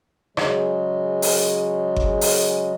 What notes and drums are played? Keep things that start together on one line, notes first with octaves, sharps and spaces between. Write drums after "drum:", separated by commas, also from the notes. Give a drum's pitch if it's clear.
C#3 F#3 G#3, drum: rim click
drum: open hi-hat
drum: kick G1
drum: open hi-hat